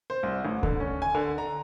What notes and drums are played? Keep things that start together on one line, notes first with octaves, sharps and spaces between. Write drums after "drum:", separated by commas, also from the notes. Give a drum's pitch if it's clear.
C5
C2
A1
D3, drum: kick D2
C#4
G#5
D3
A#5